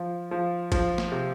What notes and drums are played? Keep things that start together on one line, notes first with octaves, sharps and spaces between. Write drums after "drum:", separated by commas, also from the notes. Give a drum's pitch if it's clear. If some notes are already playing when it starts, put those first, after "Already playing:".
Already playing: F3
F3
F3, drum: kick G#1, cymbal
drum: snare
C3